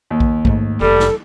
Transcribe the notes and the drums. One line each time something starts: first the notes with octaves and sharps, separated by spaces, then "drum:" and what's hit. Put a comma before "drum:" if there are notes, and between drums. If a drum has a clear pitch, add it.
D#2
drum: kick A#1
G#2 A3, drum: kick A#1
F1 G3 A4
drum: snare